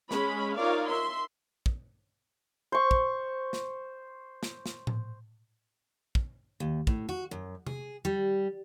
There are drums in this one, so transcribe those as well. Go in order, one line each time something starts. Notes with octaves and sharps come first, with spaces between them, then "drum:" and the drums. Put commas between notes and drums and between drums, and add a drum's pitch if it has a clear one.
G#3 C#4 B5, drum: snare
D#4 F4 A#4 C#5 D5 F5
E5 C6
drum: kick
C5 C#6
drum: kick
drum: snare
drum: snare
drum: snare
drum: tom A2
drum: kick
D#2
A2, drum: kick
F#4
F#2
G#4, drum: tom C3
G3